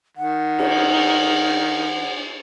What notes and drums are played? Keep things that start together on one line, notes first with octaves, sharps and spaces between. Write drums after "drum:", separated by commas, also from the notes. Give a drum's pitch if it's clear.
D#3 F#5
drum: cymbal